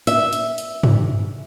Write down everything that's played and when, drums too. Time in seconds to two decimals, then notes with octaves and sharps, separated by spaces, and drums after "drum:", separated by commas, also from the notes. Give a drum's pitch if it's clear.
0.07 E5, drum: hi-hat
0.33 drum: hi-hat
0.58 drum: hi-hat
0.83 drum: tom G2